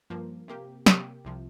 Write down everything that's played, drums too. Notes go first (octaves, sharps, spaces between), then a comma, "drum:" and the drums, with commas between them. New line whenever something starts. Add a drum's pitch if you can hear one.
G2 F3 A#3
C3 A#3 G4
C3 A#3 G4, drum: snare
C2 C3 F3